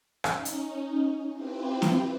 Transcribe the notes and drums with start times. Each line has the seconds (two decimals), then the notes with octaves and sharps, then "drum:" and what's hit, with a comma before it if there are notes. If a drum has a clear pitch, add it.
0.24 C#4 D#4, drum: rim click
0.45 drum: hi-hat
1.30 C4 E4 F4 G4 B4 C5
1.82 drum: snare